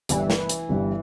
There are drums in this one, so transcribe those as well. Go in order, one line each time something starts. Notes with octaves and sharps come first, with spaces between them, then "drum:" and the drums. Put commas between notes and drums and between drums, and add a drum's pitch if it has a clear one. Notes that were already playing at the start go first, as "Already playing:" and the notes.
G1 G2 E3 G3, drum: hi-hat
drum: snare
drum: hi-hat
G1 G2 G3